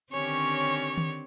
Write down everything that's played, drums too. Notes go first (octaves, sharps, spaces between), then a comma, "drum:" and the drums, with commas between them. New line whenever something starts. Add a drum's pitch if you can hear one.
D3 D#3 C4 C#4 G4 C#5
drum: tom D#3